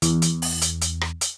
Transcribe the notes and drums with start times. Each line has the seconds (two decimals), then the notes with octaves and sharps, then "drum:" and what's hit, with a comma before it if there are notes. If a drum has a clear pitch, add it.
0.02 E2, drum: hi-hat
0.22 drum: hi-hat
0.42 drum: open hi-hat
0.62 drum: hi-hat
0.82 drum: hi-hat
1.01 drum: rim click
1.21 drum: hi-hat